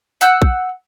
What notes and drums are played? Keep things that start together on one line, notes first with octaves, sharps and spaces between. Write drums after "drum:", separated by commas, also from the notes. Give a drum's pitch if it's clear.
F#5 E6 F#6 G6, drum: tambourine
drum: kick A#1